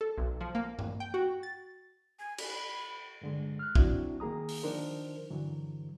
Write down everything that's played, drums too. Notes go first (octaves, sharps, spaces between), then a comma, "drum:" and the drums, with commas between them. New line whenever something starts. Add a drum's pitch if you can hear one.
A4
B1
F3
A#3
drum: tom G2
G5
F#4
A6
G#5
B5, drum: cymbal
G2 D3 G#3
F6 F#6
F#3 C4 D4 E4 F#4, drum: kick
D#3 A#3 G#4 A#5 D#6
drum: open hi-hat
D#3 F3 D4 D#4 A#4 C5
G2 D3 E3 F#3